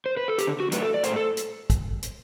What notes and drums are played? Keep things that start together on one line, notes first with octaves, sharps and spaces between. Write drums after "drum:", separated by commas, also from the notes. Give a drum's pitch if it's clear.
C5
B4
A4
D3 G4, drum: hi-hat
F#4
F#3 A3 D4 B4, drum: hi-hat
A4
D5
A2 C5, drum: hi-hat
A4
drum: hi-hat
drum: kick, hi-hat
drum: hi-hat